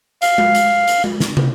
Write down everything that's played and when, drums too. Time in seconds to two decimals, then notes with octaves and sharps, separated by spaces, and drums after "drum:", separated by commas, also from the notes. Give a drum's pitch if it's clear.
0.22 F5, drum: hi-hat
0.38 drum: tom G#3
0.55 drum: hi-hat
0.88 drum: hi-hat
1.04 drum: tom G#3
1.20 drum: snare
1.37 drum: tom